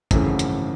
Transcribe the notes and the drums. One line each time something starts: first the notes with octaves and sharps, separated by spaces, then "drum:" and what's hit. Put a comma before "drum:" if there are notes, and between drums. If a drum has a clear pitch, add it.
G#1 F#2 C#3 E3 A3, drum: kick, hi-hat
drum: hi-hat